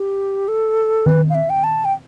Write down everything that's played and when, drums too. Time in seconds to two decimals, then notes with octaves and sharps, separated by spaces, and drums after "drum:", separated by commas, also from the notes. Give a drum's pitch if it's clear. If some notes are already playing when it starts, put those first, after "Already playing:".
Already playing: G4
0.48 A4
1.06 B4, drum: tom D#3
1.30 F5
1.35 E5
1.50 G5
1.64 A5
1.85 G5